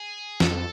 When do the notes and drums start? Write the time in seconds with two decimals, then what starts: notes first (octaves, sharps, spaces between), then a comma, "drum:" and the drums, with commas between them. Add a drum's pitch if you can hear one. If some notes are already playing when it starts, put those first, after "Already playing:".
Already playing: G#4
0.40 F2 A4, drum: snare